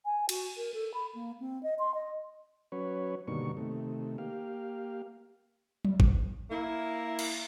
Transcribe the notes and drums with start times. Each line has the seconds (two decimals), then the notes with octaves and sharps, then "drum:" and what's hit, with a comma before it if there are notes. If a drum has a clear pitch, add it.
0.05 G#5
0.29 F#4, drum: cymbal
0.57 A#4
0.74 A4
0.94 B5
1.15 A#3
1.40 C4
1.63 D#5
1.79 C6
1.94 D#5
2.72 F#3 C#4 B4 C#5
3.28 G2 B2 D3 D#3 A#3 C#6
3.57 C3 D#3 A3
4.18 A#3 G4 F5
5.85 drum: tom F#3
6.00 drum: kick
6.50 A#3 E4
7.19 drum: cymbal